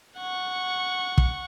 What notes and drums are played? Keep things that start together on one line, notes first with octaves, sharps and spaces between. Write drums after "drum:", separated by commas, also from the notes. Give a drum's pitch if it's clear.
F#5 C#6
drum: kick